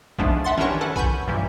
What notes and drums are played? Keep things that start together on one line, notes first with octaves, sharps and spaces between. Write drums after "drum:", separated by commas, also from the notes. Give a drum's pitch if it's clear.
F3 G#3 A3 B3 D4, drum: kick A#1
E5 F#5 C6 A6
C#4 D4 E4 G4 A#4 C#5, drum: tom D#3
A4 B4 F#5 A5
G#5 B5 C#6 G6, drum: kick A#1
A1 G2 A#2 E3 G3